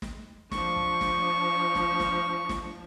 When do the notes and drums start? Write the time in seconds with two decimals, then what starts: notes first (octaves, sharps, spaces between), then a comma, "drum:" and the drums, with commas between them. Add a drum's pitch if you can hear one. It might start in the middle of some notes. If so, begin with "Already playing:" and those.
0.02 drum: snare
0.51 F3 D4 C#6, drum: snare
0.76 drum: kick
1.01 drum: snare
1.75 drum: snare
2.00 drum: snare
2.49 drum: snare